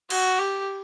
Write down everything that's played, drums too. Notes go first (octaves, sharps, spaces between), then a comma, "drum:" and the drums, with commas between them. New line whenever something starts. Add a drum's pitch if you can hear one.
F#4, drum: cymbal
G4